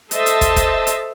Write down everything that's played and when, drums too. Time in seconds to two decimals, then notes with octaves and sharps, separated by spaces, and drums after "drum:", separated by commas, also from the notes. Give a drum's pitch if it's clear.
0.11 A4 C5 D#5 E5 A5, drum: hi-hat
0.26 drum: hi-hat
0.41 drum: kick, hi-hat
0.56 drum: kick, hi-hat
0.87 drum: hi-hat